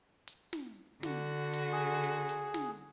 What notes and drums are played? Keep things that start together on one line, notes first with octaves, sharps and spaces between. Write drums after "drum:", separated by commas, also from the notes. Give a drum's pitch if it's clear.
drum: hi-hat
drum: snare
D3 F#4, drum: snare
drum: hi-hat
G#4
drum: hi-hat
drum: hi-hat
drum: snare